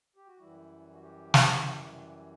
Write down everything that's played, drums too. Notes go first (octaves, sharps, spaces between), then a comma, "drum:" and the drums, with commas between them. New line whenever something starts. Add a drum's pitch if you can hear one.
G4
F#4
F#2 E3 G3 E4
F#4
G4
drum: snare